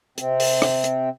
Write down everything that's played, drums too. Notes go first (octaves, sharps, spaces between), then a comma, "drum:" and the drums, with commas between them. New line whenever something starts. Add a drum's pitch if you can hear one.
C3 C4, drum: hi-hat
drum: open hi-hat
drum: rim click
drum: hi-hat